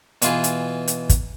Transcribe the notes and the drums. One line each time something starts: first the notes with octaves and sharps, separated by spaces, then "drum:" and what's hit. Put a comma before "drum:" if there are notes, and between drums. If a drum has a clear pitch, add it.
B2 E3 F4 G#4, drum: hi-hat
drum: hi-hat
drum: hi-hat
drum: kick, hi-hat